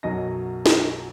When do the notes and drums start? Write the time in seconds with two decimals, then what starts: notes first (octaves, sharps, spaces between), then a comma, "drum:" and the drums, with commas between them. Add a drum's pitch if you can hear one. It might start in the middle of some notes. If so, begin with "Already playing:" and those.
0.03 B1 F#2 F#3 D#5 A#6
0.66 drum: snare